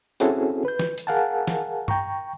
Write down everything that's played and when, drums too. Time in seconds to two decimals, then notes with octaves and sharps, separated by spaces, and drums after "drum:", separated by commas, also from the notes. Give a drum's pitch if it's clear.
0.20 C4 C#4 E4 F#4 G#4 A4, drum: hi-hat
0.65 B4 G6
0.79 drum: snare
0.98 drum: hi-hat
1.07 G#4 A#4 F5 F#5 G#5 A5
1.47 drum: snare
1.88 G5 A#5 C#6, drum: tom G2